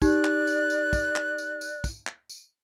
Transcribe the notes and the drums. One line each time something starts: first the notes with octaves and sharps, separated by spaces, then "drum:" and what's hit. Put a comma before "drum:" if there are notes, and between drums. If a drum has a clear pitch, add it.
D#4 G4 D5 F#6, drum: kick, tambourine
drum: clap
drum: tambourine
drum: tambourine
drum: kick, tambourine
drum: clap
drum: tambourine
drum: tambourine
drum: kick, tambourine
drum: clap
drum: tambourine